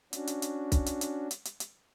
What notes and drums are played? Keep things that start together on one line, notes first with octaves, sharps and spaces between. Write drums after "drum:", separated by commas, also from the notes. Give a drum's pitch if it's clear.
C#4 D4 F#4, drum: hi-hat
drum: hi-hat
drum: hi-hat
drum: kick, hi-hat
drum: hi-hat
drum: hi-hat
drum: hi-hat
drum: hi-hat
drum: hi-hat